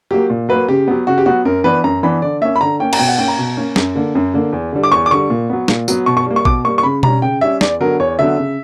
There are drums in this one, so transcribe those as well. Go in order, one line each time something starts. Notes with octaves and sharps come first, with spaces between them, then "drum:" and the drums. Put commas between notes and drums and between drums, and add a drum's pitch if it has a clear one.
F#3 A#3 G4
A#2
F#3 A#3 B4
C#3 G4
F#3 B3
C#3 F#4
G4
F#3 B3 F#4
F#2 A#4
E3 B3 D4 B4
F#2 A#5
E3 B3 D4 B5
D3 D5
A#3 C#4 E5
B5
D3 A#5
A#3 C#4 G5
A#5, drum: cymbal
B2 G5
F#5
A#3 C#4 G5
A#5
B2
A#3 C#4
F#2, drum: snare
D3 A#3
F#2
D3 A#3
E2
D3 G3
D6
E2 C#6
D6
D3 G3 C#6
A#2
F#3 B3
A#2, drum: snare
F#3 B3, drum: tambourine
B2 C#6
C#6
G3 A#3
C#6
B2 D6, drum: kick A#1
G3 A#3 C#6
C#6
C#3 B5
G3 C#4 A#5, drum: tom B2
C#3 G5
G3 C#4 E5
E2 D5, drum: snare
D3 F#3 B3 A#4
E2 C#5
D3 F#3 B3 E5
C#3